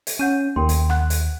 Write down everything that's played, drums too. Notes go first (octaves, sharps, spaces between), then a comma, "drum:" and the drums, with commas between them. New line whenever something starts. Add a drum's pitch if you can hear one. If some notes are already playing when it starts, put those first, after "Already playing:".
drum: hi-hat
C#4 F#5 G6 D#7
D#2 A#4 G5 C6
drum: hi-hat
F#5 F#6, drum: rim click
drum: hi-hat